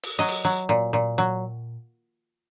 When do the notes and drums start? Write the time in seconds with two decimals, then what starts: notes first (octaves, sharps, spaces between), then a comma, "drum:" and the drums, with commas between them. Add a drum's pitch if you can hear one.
0.03 drum: open hi-hat
0.19 F#3 D#5
0.29 drum: open hi-hat
0.45 F#3
0.69 A#2
0.93 A#2
1.18 F#3